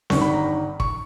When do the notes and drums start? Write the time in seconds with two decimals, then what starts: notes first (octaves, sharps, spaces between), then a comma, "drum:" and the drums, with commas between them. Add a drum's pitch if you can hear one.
0.10 G1 G2 D#3 C#6, drum: snare C4
0.21 B5
0.34 A#5
0.80 C#6, drum: kick